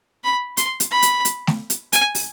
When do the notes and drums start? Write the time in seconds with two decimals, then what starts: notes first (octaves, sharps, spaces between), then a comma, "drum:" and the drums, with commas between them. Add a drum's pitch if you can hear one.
0.24 B5
0.57 C6, drum: hi-hat
0.80 drum: hi-hat
0.91 B5
1.02 drum: hi-hat
1.25 drum: hi-hat
1.47 drum: snare A3
1.70 drum: hi-hat
1.93 G#5, drum: hi-hat
2.15 drum: open hi-hat